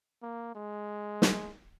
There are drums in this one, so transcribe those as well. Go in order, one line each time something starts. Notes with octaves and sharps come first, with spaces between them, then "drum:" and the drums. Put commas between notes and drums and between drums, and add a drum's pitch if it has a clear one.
A#3
G#3
drum: snare